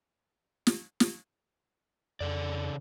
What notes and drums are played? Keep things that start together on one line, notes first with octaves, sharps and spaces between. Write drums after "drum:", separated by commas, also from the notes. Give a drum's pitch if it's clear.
drum: snare
drum: snare
F2 C#3 A4 D5